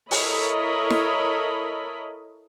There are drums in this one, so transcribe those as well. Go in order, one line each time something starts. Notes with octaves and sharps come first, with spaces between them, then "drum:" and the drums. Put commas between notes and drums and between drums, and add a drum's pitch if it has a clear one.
E4 A4 A#4 C#5 D#5 B5, drum: open hi-hat
drum: snare